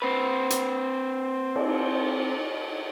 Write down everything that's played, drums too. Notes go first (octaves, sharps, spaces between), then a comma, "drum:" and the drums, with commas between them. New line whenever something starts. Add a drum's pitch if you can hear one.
C4 B4
drum: hi-hat
drum: cymbal